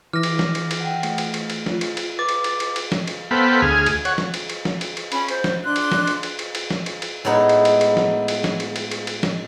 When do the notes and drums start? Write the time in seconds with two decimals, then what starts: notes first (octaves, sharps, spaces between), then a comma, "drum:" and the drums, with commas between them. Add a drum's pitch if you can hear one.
0.13 E3 D6 F6 A#6
0.23 drum: cymbal
0.39 drum: snare
0.55 drum: cymbal
0.71 drum: cymbal
0.81 F#5 G5
1.03 A3, drum: cymbal
1.18 drum: cymbal
1.34 drum: cymbal
1.50 drum: cymbal
1.66 F4, drum: snare
1.81 drum: cymbal
1.97 drum: cymbal
2.19 B4 D6 A6
2.29 drum: cymbal
2.44 drum: cymbal
2.60 drum: cymbal
2.76 drum: cymbal
2.92 drum: snare
3.07 drum: cymbal
3.31 B3 A4 C5 F5 G5 B5
3.62 D2 G#4 G#5 F6
3.86 drum: cymbal
4.05 C#5 F#5, drum: cymbal
4.18 drum: snare
4.34 drum: cymbal
4.50 drum: cymbal
4.65 drum: snare
4.81 drum: cymbal
4.97 drum: cymbal
5.12 C#4 B5, drum: cymbal
5.28 C5, drum: cymbal
5.44 drum: snare
5.64 D4 C6 F#6
5.76 drum: cymbal
5.92 drum: snare
6.07 drum: cymbal
6.23 drum: cymbal
6.39 drum: cymbal
6.55 drum: cymbal
6.70 drum: snare
6.86 drum: cymbal
7.02 drum: cymbal
7.25 A2 G#3 B3 D#4
7.49 drum: cymbal
7.65 drum: cymbal
7.81 drum: cymbal
7.97 drum: snare
8.28 drum: cymbal
8.44 drum: snare
8.60 drum: cymbal
8.76 drum: cymbal
8.91 drum: cymbal
9.07 drum: cymbal
9.23 drum: snare